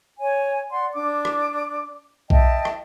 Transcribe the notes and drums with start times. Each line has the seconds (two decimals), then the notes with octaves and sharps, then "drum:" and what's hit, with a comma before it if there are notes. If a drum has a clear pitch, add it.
0.19 C#5 G#5
0.71 D5 F#5 C6
0.94 D4 D6
1.25 drum: rim click
2.30 D#5 E5 G5 A5, drum: kick B1
2.65 drum: rim click